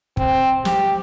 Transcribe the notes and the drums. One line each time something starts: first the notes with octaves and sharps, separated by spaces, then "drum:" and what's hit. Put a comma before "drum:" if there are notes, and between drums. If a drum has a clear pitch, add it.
C4, drum: kick
G4, drum: snare